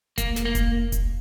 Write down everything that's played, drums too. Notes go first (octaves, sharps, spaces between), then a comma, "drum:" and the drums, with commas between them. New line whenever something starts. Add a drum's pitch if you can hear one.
A#3, drum: kick F1, hi-hat
drum: snare
A#3
drum: kick F1, hi-hat
drum: kick F1, hi-hat